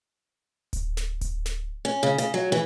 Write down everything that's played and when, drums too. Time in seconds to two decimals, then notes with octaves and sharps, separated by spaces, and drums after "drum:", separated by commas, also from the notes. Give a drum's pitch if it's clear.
0.73 drum: kick D1, hi-hat
0.97 drum: snare
1.21 drum: kick D1, hi-hat
1.46 drum: snare
1.85 C#4
2.03 C#3
2.18 C#3, drum: hi-hat
2.34 F#3
2.52 E3